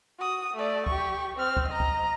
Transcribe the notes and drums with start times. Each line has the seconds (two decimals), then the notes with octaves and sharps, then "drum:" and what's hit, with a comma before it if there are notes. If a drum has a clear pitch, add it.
0.18 F#4 D#6
0.54 A3 D5
0.86 G4 C#6, drum: kick
1.37 C4 F6
1.57 drum: kick
1.68 D#5 A#5
1.80 drum: kick